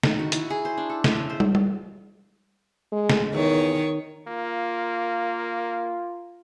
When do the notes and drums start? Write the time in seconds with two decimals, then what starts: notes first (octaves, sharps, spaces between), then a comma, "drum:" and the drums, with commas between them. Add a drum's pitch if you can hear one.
0.03 D#3, drum: snare A3
0.19 F#4
0.32 E4, drum: hi-hat
0.50 G#4
0.65 C5
0.77 D4
0.89 A4
1.04 E5, drum: snare A3
1.16 C#3
1.30 C5
1.40 drum: tom
1.55 drum: tom
2.92 G#3
3.10 drum: snare A3
3.33 E2 D#3 C#5
4.28 A#3 F4